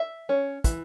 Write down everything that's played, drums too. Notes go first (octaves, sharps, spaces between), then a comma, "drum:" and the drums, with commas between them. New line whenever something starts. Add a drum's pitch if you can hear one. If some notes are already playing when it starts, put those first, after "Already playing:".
Already playing: E5
C#4
E3, drum: kick, hi-hat